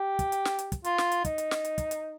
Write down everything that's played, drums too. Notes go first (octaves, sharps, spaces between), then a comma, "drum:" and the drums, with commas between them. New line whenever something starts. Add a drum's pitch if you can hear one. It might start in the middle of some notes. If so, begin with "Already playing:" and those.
Already playing: G4
drum: kick, hi-hat
drum: hi-hat
drum: snare
drum: hi-hat
drum: kick, hi-hat
F4, drum: hi-hat
drum: snare
drum: hi-hat
D#4, drum: kick, hi-hat
drum: hi-hat
drum: snare
drum: hi-hat
drum: kick, hi-hat
drum: hi-hat